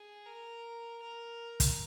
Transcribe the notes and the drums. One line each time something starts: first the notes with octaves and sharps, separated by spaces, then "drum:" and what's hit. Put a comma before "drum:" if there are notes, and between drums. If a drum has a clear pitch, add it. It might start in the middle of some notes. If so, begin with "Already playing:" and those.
Already playing: G#4
A#4
A#4
drum: kick, hi-hat